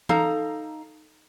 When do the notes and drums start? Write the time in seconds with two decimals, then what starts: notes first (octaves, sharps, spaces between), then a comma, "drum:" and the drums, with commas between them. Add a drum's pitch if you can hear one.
0.09 D#4 A4 F5 A#5, drum: tom E3